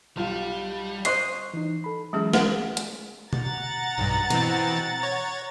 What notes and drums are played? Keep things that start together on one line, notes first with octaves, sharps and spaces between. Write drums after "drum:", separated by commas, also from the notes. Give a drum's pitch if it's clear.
B1 G3 F4
C5 D#5 C6 C#6 F#6 C7, drum: hi-hat
E3 D#4
A4 B5
E3 F#3 G#3 C#4 G#4
A#4 F#5, drum: snare
drum: hi-hat
F#5 A#5 A6, drum: tom B2
B1 G2
B2 E3 C4, drum: hi-hat
C#5